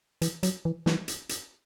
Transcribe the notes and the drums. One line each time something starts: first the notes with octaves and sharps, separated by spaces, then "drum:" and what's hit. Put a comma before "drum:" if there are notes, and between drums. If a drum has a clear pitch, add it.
E3, drum: hi-hat
F#3, drum: hi-hat
E3
E3, drum: snare
drum: hi-hat
drum: hi-hat